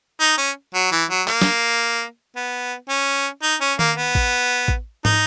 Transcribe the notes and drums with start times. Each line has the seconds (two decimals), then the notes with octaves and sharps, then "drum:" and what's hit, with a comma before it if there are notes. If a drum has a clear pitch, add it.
0.20 D#4
0.38 C#4
0.74 F#3
0.92 E3
1.10 F#3
1.28 A#3, drum: clap
1.42 drum: snare
2.36 B3
2.89 C#4
3.42 D#4
3.61 C#4
3.79 A#3, drum: tom D#3
3.97 B3
4.15 drum: kick A1
4.68 drum: kick A1
5.05 D#4, drum: tom